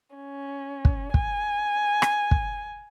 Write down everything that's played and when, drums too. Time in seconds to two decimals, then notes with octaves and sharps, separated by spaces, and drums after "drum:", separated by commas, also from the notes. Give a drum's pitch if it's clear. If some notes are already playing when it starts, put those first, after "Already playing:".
0.16 C#4
0.85 drum: kick
1.14 G#5, drum: kick
2.02 drum: rim click
2.31 drum: kick